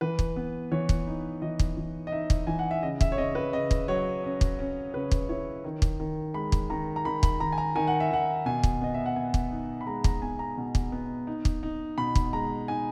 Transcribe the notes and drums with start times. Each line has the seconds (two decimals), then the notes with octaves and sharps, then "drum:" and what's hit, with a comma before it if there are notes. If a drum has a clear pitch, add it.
0.01 E3 B4
0.19 drum: kick
0.36 B3
0.72 E3 C#5
0.89 drum: kick
1.07 D#4
1.42 E3 D#5
1.59 drum: kick
1.77 E3
2.07 D#5
2.12 D#4 E5
2.30 drum: kick
2.47 E3 G#5
2.59 F#5
2.71 E5
2.83 C#3 D#5
3.01 E5, drum: kick
3.12 C#5
3.18 C#3 D#5
3.35 B4
3.53 C#3 D#5
3.71 drum: kick
3.88 F#3 C#5
4.23 C#4
4.41 drum: kick
4.59 C#4
4.94 C#3 B4
5.11 drum: kick
5.29 E4 C#5
5.64 D#3
5.82 drum: kick
6.00 D#3
6.34 G#3 B5
6.52 drum: kick
6.70 D#3 A#5
6.96 A#5
7.05 D#3 B5
7.23 B5, drum: kick
7.40 D#3 A#5
7.52 G#5
7.58 A#5
7.75 D#3 G#5
7.87 F#5
8.00 E5
8.10 D#3 F#5
8.46 B2 G#5
8.63 drum: kick
8.81 B3 D#5
8.94 E5
9.06 F#5
9.16 B3 G#5
9.34 drum: kick
9.51 D#4
9.81 B5
9.87 G#3 A#5
10.04 A#5, drum: kick
10.22 B3 G#5
10.39 A#5
10.58 B2
10.75 drum: kick
10.92 B3
11.27 D#4
11.45 drum: kick
11.63 D#4
11.98 B2 B5
12.15 drum: kick
12.33 G#3 A#5
12.68 D#4 G#5